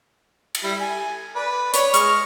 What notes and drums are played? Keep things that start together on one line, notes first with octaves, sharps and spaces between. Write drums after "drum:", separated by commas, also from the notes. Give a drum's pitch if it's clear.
drum: cymbal
G3 E4
G#5
B4 D5
B4 C#5 D5, drum: hi-hat
G#3 C#6 F6, drum: hi-hat